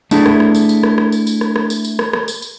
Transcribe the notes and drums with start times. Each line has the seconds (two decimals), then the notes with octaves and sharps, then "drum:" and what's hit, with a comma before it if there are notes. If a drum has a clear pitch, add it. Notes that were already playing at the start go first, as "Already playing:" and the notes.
0.11 A3 D4 E4 G#4 A4, drum: tambourine
0.26 drum: rim click
0.40 drum: rim click
0.55 drum: tambourine
0.69 drum: tambourine
0.83 drum: rim click
0.98 drum: rim click
1.12 drum: tambourine
1.27 drum: tambourine
1.41 drum: rim click
1.56 drum: rim click
1.70 drum: tambourine
1.85 drum: tambourine
1.99 drum: rim click
2.13 drum: rim click
2.28 drum: tambourine
2.42 drum: tambourine